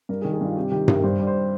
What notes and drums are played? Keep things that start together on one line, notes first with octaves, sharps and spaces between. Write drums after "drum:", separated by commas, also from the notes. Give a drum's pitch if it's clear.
G2 A#4
G#4
D#3
G#4
G2 F4
C3 G4
D#3 G4
C3 A#4, drum: tom G2
G2 C5
G3
C5